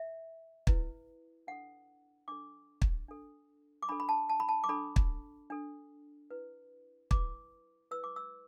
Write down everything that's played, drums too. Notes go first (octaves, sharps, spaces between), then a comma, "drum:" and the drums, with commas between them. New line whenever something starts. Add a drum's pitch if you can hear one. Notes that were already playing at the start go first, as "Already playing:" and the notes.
Already playing: E5
E4 B4, drum: kick
D4 A4 F#5
D4 A4 D6
drum: kick
D4 A4
D6
D4 A4 B5
B5
A5
A5
B5
A5
D6
D4 A4 B5
drum: kick
D4 A4
E4 B4
E4 B4 D6, drum: kick
E4 B4 E6
D6
E6